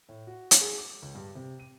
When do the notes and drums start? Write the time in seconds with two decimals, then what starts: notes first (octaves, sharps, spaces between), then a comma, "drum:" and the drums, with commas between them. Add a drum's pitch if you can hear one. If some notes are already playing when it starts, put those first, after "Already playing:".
0.09 A2
0.27 F#4
0.51 drum: hi-hat
0.61 G#4
0.78 D6
1.02 C#2
1.15 G2
1.35 C3
1.60 D#7